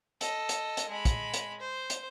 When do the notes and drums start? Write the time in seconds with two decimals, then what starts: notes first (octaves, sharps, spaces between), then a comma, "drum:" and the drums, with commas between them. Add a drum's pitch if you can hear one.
0.21 A4 D#5, drum: hi-hat
0.49 drum: hi-hat
0.77 drum: hi-hat
0.89 G#3 B5
1.05 drum: kick, hi-hat
1.34 drum: hi-hat
1.60 C5
1.90 drum: hi-hat